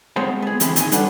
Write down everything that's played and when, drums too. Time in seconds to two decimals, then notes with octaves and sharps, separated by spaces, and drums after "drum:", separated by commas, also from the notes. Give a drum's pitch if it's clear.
0.16 G#3 B3 C4 C5 C#5
0.42 B3 G#4
0.60 E3 C4 G#4 B5, drum: hi-hat
0.76 A#2 D#3 G#5, drum: hi-hat
0.92 G3 D4 A4 B4 F#5, drum: hi-hat